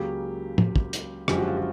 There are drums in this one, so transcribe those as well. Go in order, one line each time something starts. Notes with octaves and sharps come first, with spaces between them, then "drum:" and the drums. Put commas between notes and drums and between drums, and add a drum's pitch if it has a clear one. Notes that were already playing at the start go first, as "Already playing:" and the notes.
Already playing: C#2 C#3 F#3 A#3 G4
drum: tom
drum: kick
drum: hi-hat
F#1 F#2 D3 F3 G#3 G4, drum: rim click
F#4
F4
F#4